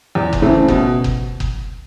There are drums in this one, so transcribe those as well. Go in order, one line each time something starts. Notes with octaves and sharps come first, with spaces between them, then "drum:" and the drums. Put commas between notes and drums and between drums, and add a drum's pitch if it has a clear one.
E2
drum: kick F#1
C#3 E3 A3 C4
B2, drum: kick F#1
drum: kick F#1
drum: kick F#1